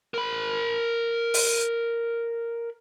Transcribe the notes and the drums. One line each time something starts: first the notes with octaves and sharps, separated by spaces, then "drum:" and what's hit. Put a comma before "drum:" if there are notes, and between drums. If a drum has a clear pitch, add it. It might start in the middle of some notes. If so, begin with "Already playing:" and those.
A#4 B5
drum: open hi-hat